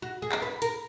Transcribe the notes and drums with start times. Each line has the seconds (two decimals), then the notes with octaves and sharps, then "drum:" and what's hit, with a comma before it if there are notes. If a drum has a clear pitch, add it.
0.02 F#4
0.22 G#4
0.32 drum: clap
0.42 B4
0.62 A#4, drum: hi-hat